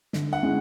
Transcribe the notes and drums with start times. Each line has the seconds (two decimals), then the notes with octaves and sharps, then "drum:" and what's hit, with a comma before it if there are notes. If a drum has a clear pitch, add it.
0.13 D3, drum: snare
0.33 F#5
0.43 G#3 C#4 E4